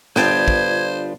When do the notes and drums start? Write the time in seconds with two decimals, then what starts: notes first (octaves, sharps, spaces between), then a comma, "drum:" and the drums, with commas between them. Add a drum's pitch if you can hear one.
0.16 G1 B3 D4 F4 C5 G5 A5 G#6, drum: snare
0.48 drum: kick